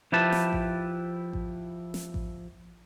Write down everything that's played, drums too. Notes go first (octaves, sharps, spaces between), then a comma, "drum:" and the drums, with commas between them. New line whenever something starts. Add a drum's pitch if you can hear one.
F3 E4 G4 B4 A5
drum: snare
drum: kick A1
drum: kick A1
drum: snare
drum: kick A1